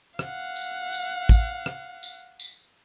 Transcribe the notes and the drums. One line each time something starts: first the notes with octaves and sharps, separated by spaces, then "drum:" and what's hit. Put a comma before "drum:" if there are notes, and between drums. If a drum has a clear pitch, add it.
F5 F#5, drum: rim click
drum: tambourine
drum: tambourine
drum: kick, tambourine
drum: rim click
drum: tambourine
drum: tambourine